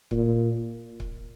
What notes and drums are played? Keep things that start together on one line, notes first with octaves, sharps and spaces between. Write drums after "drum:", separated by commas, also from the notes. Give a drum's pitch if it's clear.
A#2, drum: kick C#1
drum: kick C#1